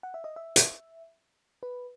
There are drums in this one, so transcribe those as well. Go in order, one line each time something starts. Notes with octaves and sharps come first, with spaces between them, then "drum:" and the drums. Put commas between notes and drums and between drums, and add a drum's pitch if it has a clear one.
F#5
E5
D#5
E5
drum: hi-hat
B4